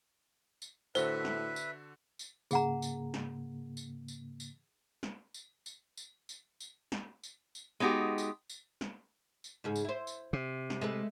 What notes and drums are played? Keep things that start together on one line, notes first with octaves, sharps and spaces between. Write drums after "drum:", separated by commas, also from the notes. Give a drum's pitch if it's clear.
drum: tambourine
A2 D3 F#4 A4 B4 C5 E5, drum: tambourine
drum: snare
drum: tambourine
drum: tambourine
G#2 C#3 A#3 G#4 F#5 A#5, drum: tambourine
drum: tambourine
drum: snare
drum: tambourine
drum: tambourine
drum: tambourine
drum: snare
drum: tambourine
drum: tambourine
drum: tambourine
drum: tambourine
drum: tambourine
drum: snare
drum: tambourine
drum: tambourine
G#3 B3 D#4 F#4 G4
drum: tambourine
drum: tambourine
drum: snare
drum: tambourine
G#2 C#3 G#4
drum: tambourine
E4 C5
drum: tambourine
C3
drum: snare
G#3 A3 B4